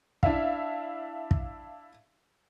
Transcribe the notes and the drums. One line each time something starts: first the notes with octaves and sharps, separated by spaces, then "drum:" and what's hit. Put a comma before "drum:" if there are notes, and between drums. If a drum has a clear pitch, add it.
D4 E4 E5 F5, drum: kick
drum: kick